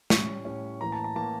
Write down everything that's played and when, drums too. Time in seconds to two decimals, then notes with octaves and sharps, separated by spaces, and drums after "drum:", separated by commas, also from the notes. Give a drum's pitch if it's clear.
0.10 A2 G3 C#4 C#6, drum: snare
0.45 A2 G3 C#4
0.81 A2 E3 A#3 A#5
0.92 A5
1.04 A5
1.15 A2 E3 A#3 A5